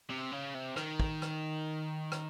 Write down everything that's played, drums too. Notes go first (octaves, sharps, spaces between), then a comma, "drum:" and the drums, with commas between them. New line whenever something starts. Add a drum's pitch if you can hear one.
C3
C#3
C3
D#3, drum: rim click
drum: kick
drum: rim click
drum: rim click